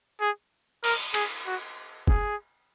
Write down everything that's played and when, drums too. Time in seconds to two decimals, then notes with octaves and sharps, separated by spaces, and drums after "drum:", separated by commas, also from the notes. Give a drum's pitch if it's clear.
0.21 G#4
0.84 A#4, drum: cymbal
1.14 G#4, drum: cymbal
1.46 F#4
2.07 G#4, drum: kick